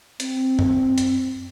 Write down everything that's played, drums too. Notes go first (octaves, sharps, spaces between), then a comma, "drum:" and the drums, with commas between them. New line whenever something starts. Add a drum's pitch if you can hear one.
C4, drum: hi-hat
drum: tom F#2
drum: hi-hat